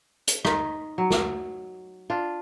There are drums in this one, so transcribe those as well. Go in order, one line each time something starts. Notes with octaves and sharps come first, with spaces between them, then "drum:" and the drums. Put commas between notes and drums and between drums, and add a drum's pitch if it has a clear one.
drum: hi-hat
D#4, drum: rim click
F#3
drum: snare
D4 F4